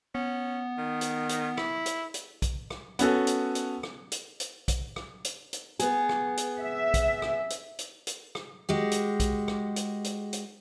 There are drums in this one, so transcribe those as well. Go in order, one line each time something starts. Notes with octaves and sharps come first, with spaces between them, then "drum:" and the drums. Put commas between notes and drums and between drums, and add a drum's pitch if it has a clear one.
B3 C#4
D#3
drum: hi-hat
drum: hi-hat
E4, drum: rim click
drum: hi-hat
drum: hi-hat
drum: kick B1, hi-hat
drum: rim click
B3 C#4 F#4 A4, drum: hi-hat
drum: hi-hat
drum: hi-hat
drum: rim click
drum: hi-hat
drum: hi-hat
drum: kick B1, hi-hat
drum: rim click
drum: hi-hat
drum: hi-hat
B3 G#4, drum: hi-hat
drum: rim click
drum: hi-hat
E5
drum: kick B1, hi-hat
drum: rim click
drum: hi-hat
drum: hi-hat
drum: hi-hat
drum: rim click
G#3 F#4 G4
drum: hi-hat
drum: kick B1, hi-hat
drum: rim click
drum: hi-hat
drum: hi-hat
drum: hi-hat